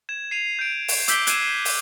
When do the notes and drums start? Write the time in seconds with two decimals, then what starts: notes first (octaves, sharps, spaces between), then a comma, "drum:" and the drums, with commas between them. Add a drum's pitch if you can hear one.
0.09 G#6 E7
0.31 C7 D#7 F7
0.59 G6 D7
0.88 drum: open hi-hat
1.08 D6 E6 G6 B6 D7 G7, drum: hi-hat
1.27 F#6 G#6 C7 D#7 E7, drum: hi-hat
1.65 drum: open hi-hat